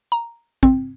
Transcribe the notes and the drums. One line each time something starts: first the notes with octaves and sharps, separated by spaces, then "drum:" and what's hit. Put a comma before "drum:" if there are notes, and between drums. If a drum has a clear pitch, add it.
A#5
C4, drum: kick